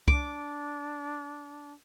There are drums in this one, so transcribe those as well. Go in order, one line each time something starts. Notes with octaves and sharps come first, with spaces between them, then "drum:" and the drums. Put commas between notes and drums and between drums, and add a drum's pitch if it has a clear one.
D4 D6, drum: kick C2